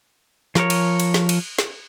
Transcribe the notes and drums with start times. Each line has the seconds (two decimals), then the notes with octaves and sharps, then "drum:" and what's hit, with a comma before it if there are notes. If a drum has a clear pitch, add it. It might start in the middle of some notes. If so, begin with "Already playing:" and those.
0.55 F3 A#4 C#5, drum: snare
0.70 drum: cymbal
1.00 drum: cymbal
1.14 drum: snare
1.29 drum: cymbal
1.59 drum: snare